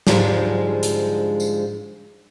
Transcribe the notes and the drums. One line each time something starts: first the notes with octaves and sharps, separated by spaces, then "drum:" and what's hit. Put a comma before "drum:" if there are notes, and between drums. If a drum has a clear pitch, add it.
G#2 D3 F3 G3 G#3, drum: snare
drum: hi-hat
drum: tambourine